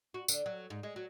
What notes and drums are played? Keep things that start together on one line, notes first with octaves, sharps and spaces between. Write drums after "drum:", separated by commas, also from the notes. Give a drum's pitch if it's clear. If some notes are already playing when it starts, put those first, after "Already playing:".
F#4
D3, drum: tambourine
F#3
G#2
G#3
F#3